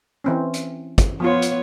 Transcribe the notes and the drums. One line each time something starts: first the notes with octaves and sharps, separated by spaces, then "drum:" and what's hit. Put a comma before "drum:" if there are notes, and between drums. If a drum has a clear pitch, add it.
E3 C4 C#4
drum: hi-hat
drum: kick, hi-hat
F3 B3 F4 C#5
drum: hi-hat